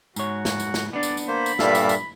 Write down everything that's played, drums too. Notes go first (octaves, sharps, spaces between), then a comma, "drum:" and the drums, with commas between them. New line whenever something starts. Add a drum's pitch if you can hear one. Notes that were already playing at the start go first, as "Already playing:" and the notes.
G#2 F#4 C#5, drum: tambourine
drum: snare
drum: tambourine
drum: snare
B3 D4 D5
drum: tambourine
drum: tambourine
A#3 C5 B5
drum: tambourine
G2 A#2 A4 E5 F5, drum: snare
drum: tambourine
drum: tambourine